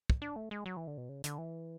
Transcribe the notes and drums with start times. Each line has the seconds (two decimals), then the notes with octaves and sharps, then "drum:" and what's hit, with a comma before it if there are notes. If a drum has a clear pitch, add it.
0.10 drum: kick
0.22 D4
0.36 A3
0.51 G#3
0.66 F#3
0.77 E3
0.87 D3
0.98 B2
1.09 C#3
1.24 D3, drum: hi-hat
1.38 E3